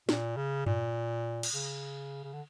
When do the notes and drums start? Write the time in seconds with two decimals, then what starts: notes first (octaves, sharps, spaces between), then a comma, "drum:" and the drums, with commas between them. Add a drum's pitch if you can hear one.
0.09 A#2, drum: snare
0.37 C#3
0.66 A#2, drum: tom G2
1.43 drum: cymbal
1.54 C#3
2.24 C#3
2.33 D3